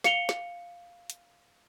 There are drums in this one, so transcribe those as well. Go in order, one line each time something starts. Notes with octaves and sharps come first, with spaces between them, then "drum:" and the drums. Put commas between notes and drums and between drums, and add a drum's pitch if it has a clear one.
F5 C#7 F7 G7, drum: snare
drum: snare
drum: hi-hat